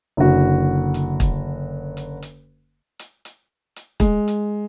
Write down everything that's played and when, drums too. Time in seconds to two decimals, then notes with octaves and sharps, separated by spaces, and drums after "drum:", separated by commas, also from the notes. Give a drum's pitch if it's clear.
0.17 F#1 D3 F#4
0.94 drum: hi-hat
1.20 drum: kick, hi-hat
1.97 drum: hi-hat
2.22 drum: hi-hat
2.99 drum: hi-hat
3.25 drum: hi-hat
3.76 drum: hi-hat
4.00 G#3, drum: kick, hi-hat
4.28 drum: hi-hat